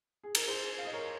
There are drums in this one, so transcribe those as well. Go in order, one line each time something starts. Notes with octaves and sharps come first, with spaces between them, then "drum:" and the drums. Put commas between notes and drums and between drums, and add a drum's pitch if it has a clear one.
G#4
A#4, drum: cymbal
G#4 C5
F5
D#5
A#4 C#5